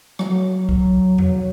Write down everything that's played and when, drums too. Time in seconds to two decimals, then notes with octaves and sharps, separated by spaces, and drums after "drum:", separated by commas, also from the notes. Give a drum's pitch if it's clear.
0.19 F#3, drum: rim click
0.69 drum: kick C2
1.18 drum: tom E2